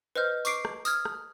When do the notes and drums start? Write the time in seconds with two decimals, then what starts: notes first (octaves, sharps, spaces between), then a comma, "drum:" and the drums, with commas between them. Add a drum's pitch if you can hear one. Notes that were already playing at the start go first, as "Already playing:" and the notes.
0.16 B4 C5 D#5 F6 G6
0.45 C#6 D6 C7 D7, drum: tambourine
0.65 drum: rim click
0.85 D#6 F6 G#6, drum: tambourine
1.05 drum: rim click